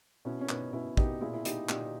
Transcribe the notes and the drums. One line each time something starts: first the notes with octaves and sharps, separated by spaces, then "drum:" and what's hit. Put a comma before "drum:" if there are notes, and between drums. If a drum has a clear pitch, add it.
B2 C#4 E4
C#4
B2 B3 D#4, drum: clap
B2 C#4 E4
B2 D#4 G4, drum: kick
A#2 E4 G#4
E4
A#2 D#4 G4, drum: hi-hat
A#2 D#4 G4, drum: clap